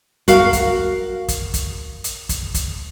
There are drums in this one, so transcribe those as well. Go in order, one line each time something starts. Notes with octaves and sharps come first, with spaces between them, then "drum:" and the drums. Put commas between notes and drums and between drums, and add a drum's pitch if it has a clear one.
F#4 A#4 F5, drum: kick, hi-hat
drum: kick, hi-hat
drum: kick, hi-hat
drum: kick, hi-hat
drum: hi-hat
drum: kick, hi-hat
drum: kick, hi-hat